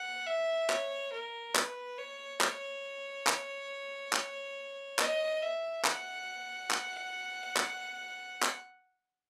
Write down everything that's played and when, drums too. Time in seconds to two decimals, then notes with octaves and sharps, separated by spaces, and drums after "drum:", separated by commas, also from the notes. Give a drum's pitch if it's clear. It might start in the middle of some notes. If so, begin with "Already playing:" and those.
Already playing: F#5
0.26 E5
0.70 C#5, drum: clap
1.13 A#4
1.55 B4, drum: clap
1.98 C#5
2.41 C#5, drum: clap
3.27 drum: clap
4.13 drum: clap
4.99 D#5, drum: clap
5.42 E5
5.85 F#5, drum: clap
6.71 drum: clap
7.57 drum: clap
8.43 drum: clap